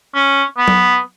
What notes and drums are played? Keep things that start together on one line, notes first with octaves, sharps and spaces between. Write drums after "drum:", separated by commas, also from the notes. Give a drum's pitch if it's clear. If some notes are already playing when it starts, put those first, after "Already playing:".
C#4
B3
drum: tom F#3